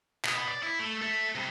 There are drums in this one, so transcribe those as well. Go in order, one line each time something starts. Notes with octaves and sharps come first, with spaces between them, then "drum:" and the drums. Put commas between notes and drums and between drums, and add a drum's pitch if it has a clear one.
B2 B3, drum: clap
D5
E4
A3
A4 E5
C3 G3